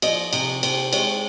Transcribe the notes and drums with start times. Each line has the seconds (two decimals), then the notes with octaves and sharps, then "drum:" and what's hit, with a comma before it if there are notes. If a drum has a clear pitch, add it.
0.02 F3 D#5, drum: cymbal
0.33 C3, drum: cymbal
0.63 C4, drum: cymbal
0.93 G#3 C#5, drum: cymbal